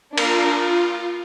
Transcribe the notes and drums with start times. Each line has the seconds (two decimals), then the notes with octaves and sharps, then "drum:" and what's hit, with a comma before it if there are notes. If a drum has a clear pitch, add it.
0.18 A#3 D4 F4 A#4, drum: cymbal
0.60 F4